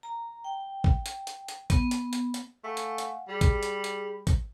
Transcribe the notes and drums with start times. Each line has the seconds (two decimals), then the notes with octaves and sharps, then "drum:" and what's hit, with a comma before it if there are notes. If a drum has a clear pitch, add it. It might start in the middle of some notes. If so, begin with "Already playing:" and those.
0.03 A#5
0.44 G5
0.84 drum: kick
1.06 drum: hi-hat
1.27 drum: hi-hat
1.48 drum: hi-hat
1.70 B3, drum: kick, hi-hat
1.91 drum: hi-hat
2.13 drum: hi-hat
2.34 drum: hi-hat
2.64 A3 F5 F#5 G#5
2.77 drum: hi-hat
2.98 drum: hi-hat
3.29 G3 G#4 B5
3.41 drum: kick, hi-hat
3.63 drum: hi-hat
3.84 drum: hi-hat
4.27 drum: kick, hi-hat